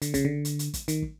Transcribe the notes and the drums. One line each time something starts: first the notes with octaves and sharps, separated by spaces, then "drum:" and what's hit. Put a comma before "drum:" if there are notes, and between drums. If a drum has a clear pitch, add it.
D3, drum: hi-hat
C#3, drum: kick, hi-hat
D3
drum: hi-hat
drum: hi-hat
drum: kick, hi-hat
D#3, drum: hi-hat
drum: kick